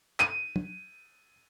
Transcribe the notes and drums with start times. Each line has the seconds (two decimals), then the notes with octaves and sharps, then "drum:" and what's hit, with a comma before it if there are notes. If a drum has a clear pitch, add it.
0.20 D#7, drum: clap
0.56 drum: tom